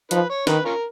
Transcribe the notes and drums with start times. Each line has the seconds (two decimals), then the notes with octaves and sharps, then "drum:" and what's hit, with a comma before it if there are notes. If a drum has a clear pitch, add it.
0.11 F3 D#4 B4, drum: hi-hat
0.30 C#5
0.47 D#3 D#4 B4, drum: snare
0.65 C#4 F4 A#4